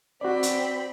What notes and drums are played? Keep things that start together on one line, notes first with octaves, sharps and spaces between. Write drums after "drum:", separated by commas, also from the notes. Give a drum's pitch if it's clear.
C4 F#4 D5 B5
drum: hi-hat